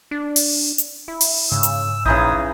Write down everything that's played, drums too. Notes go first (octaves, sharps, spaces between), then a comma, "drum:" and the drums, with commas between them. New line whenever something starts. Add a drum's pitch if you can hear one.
D4
drum: open hi-hat
drum: hi-hat
E4
drum: open hi-hat
G#2 C#3 E6
drum: hi-hat
A#1 C#3 E3 D#4 D#6